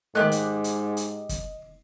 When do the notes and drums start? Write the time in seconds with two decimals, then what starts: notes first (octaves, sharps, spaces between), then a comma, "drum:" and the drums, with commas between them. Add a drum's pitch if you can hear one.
0.15 G#2 D#3 A3 G4 D#5 D6 F#6
0.32 drum: hi-hat
0.64 drum: hi-hat
0.97 drum: hi-hat
1.29 drum: kick, hi-hat